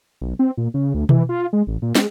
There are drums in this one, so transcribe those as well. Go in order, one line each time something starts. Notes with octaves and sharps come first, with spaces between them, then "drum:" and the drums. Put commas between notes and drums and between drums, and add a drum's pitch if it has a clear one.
B1
C4
A#2
C#3
D2
E3, drum: tom B2
F4
G#3
A1
A#2
G#3, drum: snare